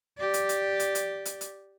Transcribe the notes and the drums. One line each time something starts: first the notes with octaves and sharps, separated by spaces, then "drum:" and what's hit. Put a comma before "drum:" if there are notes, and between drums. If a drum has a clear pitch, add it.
G4 D5
drum: hi-hat
drum: hi-hat
drum: hi-hat
drum: hi-hat
drum: hi-hat
drum: hi-hat